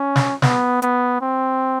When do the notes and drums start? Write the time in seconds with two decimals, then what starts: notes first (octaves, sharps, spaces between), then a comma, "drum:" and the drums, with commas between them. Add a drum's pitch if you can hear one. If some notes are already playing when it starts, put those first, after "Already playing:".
Already playing: C#4
0.16 drum: snare
0.42 B3, drum: snare
0.82 B3, drum: hi-hat
1.21 C4